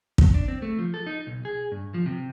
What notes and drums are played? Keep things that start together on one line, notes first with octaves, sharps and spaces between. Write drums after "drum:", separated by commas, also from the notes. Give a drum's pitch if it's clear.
drum: kick
D4
C4
A3
F3
A4
D#4
B1
G#4
G2
F3
C3